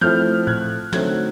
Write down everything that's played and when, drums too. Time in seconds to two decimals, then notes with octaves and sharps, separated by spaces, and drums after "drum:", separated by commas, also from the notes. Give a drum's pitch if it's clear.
0.01 F3 A3 C4 E4 F6 G6
0.47 F#6 G#6, drum: tom A2
0.93 D3 F#3 A3 C4 D#4 F#6 G#6, drum: snare